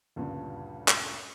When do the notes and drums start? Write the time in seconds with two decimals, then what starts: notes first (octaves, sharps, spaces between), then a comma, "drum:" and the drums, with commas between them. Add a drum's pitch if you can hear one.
0.16 D2 G2 A#2 C#3
0.88 drum: clap